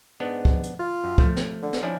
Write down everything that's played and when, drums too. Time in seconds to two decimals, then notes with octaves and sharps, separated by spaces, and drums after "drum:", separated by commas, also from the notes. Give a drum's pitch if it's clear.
0.20 G#2 B3 D4
0.45 drum: kick
0.63 drum: hi-hat
0.79 F4
1.04 F#2
1.18 F3 A3, drum: kick
1.36 drum: snare
1.62 D3
1.73 drum: snare
1.83 F3 C#4 D4 E4